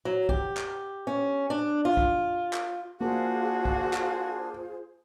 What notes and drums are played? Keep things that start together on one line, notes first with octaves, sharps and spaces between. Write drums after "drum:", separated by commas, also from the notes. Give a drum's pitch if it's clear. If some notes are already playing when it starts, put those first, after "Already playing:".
F#3
G4, drum: kick
drum: clap
C#4
D4
F4
drum: kick
drum: clap
A#3 D4 F4 F#4 G#4 C5
drum: kick
drum: clap